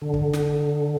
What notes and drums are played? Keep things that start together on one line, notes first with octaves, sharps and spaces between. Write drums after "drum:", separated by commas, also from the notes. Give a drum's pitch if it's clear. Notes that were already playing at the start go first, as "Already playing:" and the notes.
D3
drum: kick
drum: snare